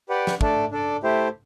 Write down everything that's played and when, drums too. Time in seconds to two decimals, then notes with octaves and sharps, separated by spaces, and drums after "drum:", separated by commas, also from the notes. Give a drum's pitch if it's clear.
0.09 G4 B4 D5 F#5
0.27 drum: snare
0.41 A3 D4 A4 D5, drum: kick
0.71 D4 A4 D5
1.03 A3 E4 G4 C5